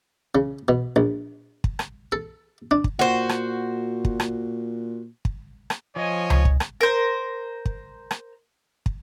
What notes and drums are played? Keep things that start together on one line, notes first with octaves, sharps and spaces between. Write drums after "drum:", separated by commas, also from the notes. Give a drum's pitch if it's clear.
C#3
B2
A#1
drum: kick
drum: rim click
A4
D4
drum: kick
A#2 F#4 C5
drum: rim click
drum: kick
drum: rim click
drum: kick
drum: rim click
F3 C#5 D#5 G#5
drum: tom C#2
drum: kick
drum: rim click
A#4 C5
drum: kick
drum: rim click
drum: kick